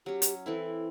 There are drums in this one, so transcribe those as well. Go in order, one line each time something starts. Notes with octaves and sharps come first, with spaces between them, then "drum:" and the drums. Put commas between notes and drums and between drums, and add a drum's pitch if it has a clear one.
F#3 C#4 G4
drum: hi-hat
E3 C4 E4 A4